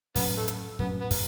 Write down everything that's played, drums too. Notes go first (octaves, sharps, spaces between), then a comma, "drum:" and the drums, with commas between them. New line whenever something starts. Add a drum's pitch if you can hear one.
A2 F#3 B3 C#4, drum: kick, open hi-hat
A3
drum: hi-hat
A2 F#3 B3 C#4, drum: kick
B3
drum: kick, open hi-hat